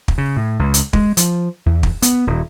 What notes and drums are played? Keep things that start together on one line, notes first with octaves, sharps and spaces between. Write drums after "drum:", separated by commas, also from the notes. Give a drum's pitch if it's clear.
drum: kick
C#3
A2
C#2
drum: hi-hat
G#3, drum: kick
F3, drum: hi-hat
E2
drum: kick
B3, drum: hi-hat
D#1